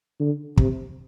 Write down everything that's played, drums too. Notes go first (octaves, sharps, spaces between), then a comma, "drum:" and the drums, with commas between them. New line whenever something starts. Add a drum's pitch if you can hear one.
D3
C3, drum: kick